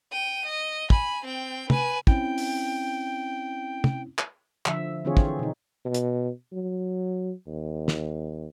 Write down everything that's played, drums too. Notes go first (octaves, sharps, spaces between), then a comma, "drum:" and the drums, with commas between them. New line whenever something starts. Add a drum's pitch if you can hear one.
G5 D#7
D#5
G#5 B5, drum: kick
C4 G5
B4 G#5, drum: tom
C4 C#4 E4 G5, drum: kick
drum: open hi-hat
drum: tom
drum: clap
D3 F3 E5, drum: clap
D3 E3 C4 F4 G#4 C#5
drum: kick
B2 D#4
B2
drum: hi-hat
F#3
D#2
drum: snare